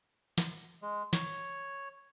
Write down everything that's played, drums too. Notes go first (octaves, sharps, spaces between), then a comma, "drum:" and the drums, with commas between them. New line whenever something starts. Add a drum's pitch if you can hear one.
drum: snare
G#3
C#5, drum: snare